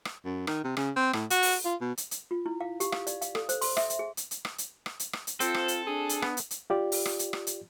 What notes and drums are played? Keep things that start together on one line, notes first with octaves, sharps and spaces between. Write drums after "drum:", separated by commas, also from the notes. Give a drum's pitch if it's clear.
drum: rim click
F#2
D#3, drum: rim click
C3
C#3, drum: rim click
C4
A2, drum: rim click
F#4, drum: hi-hat
drum: open hi-hat
F4
B2
drum: hi-hat
drum: hi-hat
F4
E4
F5
G4, drum: hi-hat
F5, drum: rim click
D5, drum: hi-hat
F5, drum: hi-hat
A4, drum: rim click
C5, drum: hi-hat
C6, drum: open hi-hat
E5, drum: rim click
drum: hi-hat
G#4
drum: hi-hat
drum: hi-hat
drum: rim click
drum: hi-hat
drum: rim click
drum: hi-hat
drum: rim click
drum: hi-hat
C4 F4 A4 C5, drum: hi-hat
drum: rim click
drum: hi-hat
D4 G#4
drum: hi-hat
B3, drum: rim click
drum: hi-hat
drum: hi-hat
F4 G4 D5
drum: open hi-hat
drum: rim click
drum: hi-hat
drum: rim click
drum: hi-hat